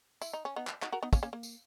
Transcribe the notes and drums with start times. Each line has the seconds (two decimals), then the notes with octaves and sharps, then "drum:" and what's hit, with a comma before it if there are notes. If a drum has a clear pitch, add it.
0.22 E4, drum: tambourine
0.33 D#4
0.45 C#4
0.56 B3 D#4
0.67 drum: clap
0.82 D#4 F#4, drum: clap
0.92 F#4 A#4
1.03 B3 D#4
1.13 A#3 C#4, drum: kick, tambourine
1.23 A#3 C#4
1.33 A#3
1.43 drum: tambourine